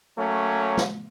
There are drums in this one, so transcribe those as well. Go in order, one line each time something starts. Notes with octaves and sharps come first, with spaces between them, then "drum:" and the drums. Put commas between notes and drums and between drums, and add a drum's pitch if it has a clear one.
F#3 A3 A#3 C#4
drum: snare